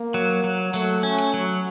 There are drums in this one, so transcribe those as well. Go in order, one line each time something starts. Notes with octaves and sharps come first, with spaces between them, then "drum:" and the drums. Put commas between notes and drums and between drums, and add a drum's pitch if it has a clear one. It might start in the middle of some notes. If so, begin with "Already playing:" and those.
Already playing: A#3
F#3
F#3
F#3 A3, drum: open hi-hat
C#4
drum: hi-hat
F#3